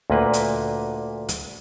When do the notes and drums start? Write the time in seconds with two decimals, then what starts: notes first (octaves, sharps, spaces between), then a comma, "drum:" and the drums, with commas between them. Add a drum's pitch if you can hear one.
0.10 D2 A#2 A#3 B4
0.33 drum: hi-hat
1.29 drum: hi-hat